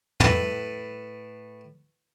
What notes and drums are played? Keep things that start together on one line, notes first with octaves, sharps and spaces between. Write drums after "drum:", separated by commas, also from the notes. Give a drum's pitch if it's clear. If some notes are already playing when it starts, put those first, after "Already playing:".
A2 A4 B4, drum: tom